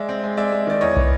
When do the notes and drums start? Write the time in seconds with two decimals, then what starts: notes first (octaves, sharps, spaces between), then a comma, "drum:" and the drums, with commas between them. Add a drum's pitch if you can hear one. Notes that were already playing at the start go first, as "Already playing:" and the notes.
Already playing: G#3 D5 E5
0.09 C4
0.23 G#3
0.37 G#3 D5 E5
0.52 G#3
0.67 D#3 D5
0.81 E2 C#5 D#5
0.97 B3, drum: kick